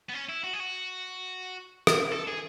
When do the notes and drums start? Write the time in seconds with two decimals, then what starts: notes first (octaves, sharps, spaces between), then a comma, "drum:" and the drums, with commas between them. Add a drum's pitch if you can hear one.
0.09 B3
0.13 C#4
0.29 E4
0.44 F#4
0.53 G#4
0.60 F#4
1.87 drum: rim click
2.12 A4
2.27 G#4